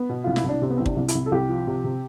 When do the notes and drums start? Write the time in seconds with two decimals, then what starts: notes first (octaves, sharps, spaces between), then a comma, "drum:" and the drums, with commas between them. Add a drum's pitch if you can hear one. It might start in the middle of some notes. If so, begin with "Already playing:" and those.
Already playing: B3
0.09 B2
0.24 C2 F4
0.36 E4, drum: snare
0.44 C2 D4
0.62 C3 C4
0.70 B3
0.77 C2 C4
0.86 D4, drum: kick
0.96 C2
1.08 E4, drum: hi-hat
1.15 C2
1.26 A4
1.32 C2 G4
1.49 F3
1.67 C3
1.84 C3